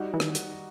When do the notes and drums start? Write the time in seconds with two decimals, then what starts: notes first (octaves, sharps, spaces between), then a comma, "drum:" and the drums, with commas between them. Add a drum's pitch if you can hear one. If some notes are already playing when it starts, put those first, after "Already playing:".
Already playing: G3 D#4 F#4
0.14 E3
0.20 D#3, drum: rim click
0.35 drum: hi-hat